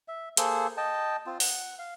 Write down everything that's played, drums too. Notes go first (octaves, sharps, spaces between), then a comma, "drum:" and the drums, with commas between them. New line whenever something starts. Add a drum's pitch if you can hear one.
E5
A#3 G#4 A4 C5, drum: hi-hat
D#5 G5 A5
C4 F4
F#5, drum: open hi-hat
F5